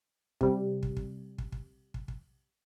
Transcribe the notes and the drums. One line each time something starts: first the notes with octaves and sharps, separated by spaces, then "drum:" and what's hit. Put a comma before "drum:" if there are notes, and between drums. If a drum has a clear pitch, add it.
C3 G3, drum: kick
drum: kick
drum: kick
drum: kick
drum: kick
drum: kick
drum: kick